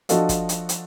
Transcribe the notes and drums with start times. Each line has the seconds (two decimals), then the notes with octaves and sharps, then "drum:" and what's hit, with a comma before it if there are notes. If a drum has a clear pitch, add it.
0.09 F3 D4 F#4 A4 D#5 F5, drum: hi-hat
0.29 drum: kick, hi-hat
0.49 drum: hi-hat
0.69 drum: hi-hat